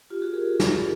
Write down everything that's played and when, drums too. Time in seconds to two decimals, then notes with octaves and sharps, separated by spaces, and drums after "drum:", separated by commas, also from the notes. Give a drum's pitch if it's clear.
0.10 F4 G4
0.22 F#4 G#4
0.33 G#4 A#4
0.60 drum: snare